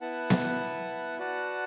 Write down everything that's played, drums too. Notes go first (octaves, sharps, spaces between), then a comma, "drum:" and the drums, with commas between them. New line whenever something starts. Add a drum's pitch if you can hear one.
B3 E4 B4 F#5 A5
drum: snare B3
F#4 B4 D5 F#5 A5